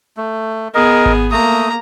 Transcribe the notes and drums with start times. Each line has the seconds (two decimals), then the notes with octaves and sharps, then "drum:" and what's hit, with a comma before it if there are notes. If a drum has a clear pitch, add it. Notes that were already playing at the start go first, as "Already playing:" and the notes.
0.17 A3
0.74 B3 G#4 A#4 D#5
1.06 drum: kick G#1
1.31 A3 A#3 A#5 D#6